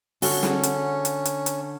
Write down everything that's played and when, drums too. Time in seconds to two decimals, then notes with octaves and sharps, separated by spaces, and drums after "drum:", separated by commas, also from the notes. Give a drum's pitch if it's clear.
0.22 D3 C#4 F#4, drum: open hi-hat
0.43 drum: snare
0.63 drum: hi-hat
1.05 drum: hi-hat
1.25 drum: hi-hat
1.46 drum: hi-hat